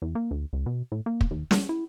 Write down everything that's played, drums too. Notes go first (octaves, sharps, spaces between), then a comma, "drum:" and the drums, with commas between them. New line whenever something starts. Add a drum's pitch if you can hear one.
E2
A#3
D2
C#2
B2
A2
A#3
drum: kick
D#2
G3, drum: snare
E4